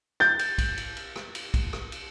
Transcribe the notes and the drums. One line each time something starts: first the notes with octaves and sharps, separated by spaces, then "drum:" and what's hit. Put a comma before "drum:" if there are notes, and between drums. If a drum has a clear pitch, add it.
G6 A6, drum: rim click
drum: cymbal
drum: kick, cymbal
drum: cymbal
drum: cymbal
drum: rim click
drum: cymbal
drum: kick, cymbal
drum: rim click
drum: cymbal